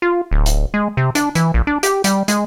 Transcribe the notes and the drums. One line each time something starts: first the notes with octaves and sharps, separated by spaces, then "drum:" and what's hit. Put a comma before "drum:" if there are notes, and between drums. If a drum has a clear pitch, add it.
F4
D1
drum: hi-hat
G#3
C3
D4, drum: hi-hat
E3, drum: hi-hat
A#1
D4
G4, drum: hi-hat
G3, drum: hi-hat
G#3, drum: hi-hat